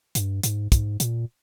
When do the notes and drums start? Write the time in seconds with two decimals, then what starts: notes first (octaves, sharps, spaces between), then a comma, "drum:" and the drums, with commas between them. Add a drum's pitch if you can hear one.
0.15 G2, drum: hi-hat
0.43 G#2, drum: hi-hat
0.72 G#2, drum: kick, hi-hat
1.00 A#2, drum: hi-hat